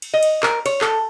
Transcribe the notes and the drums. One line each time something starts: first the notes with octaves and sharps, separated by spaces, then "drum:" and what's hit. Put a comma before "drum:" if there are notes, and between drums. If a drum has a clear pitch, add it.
drum: cymbal
D#5
drum: cymbal
A#4, drum: clap
C#5, drum: cymbal
A4, drum: clap